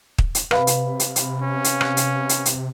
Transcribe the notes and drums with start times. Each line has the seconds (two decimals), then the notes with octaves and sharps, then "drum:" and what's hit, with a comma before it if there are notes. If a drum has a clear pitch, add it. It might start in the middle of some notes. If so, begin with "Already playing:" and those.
0.18 drum: kick
0.35 drum: hi-hat
0.51 C3 B4 F5 B5, drum: rim click
0.67 drum: hi-hat
1.00 drum: hi-hat
1.16 drum: hi-hat
1.42 C#4
1.64 drum: hi-hat
1.81 drum: rim click
1.97 drum: hi-hat
2.29 drum: hi-hat
2.46 drum: hi-hat